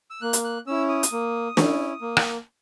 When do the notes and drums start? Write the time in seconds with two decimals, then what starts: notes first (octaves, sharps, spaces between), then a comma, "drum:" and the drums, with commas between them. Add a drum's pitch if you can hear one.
0.10 E6
0.22 A#3 F#6
0.33 drum: hi-hat
0.44 F#6
0.67 C#4 E4 E6
0.89 D#6
1.03 drum: hi-hat
1.12 A#3
1.57 C#4 E4, drum: snare
2.02 A#3
2.17 drum: rim click